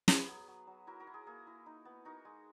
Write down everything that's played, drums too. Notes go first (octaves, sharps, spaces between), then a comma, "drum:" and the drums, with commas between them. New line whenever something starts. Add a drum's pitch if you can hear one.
B3 G#4 B4, drum: snare
F#3
F#3
F#3
E4 F#4 A#4
F#4 A#4
E4
G#4
A#3 G#4
E4
D#4
B3
D#4 F#4 A#4
G#3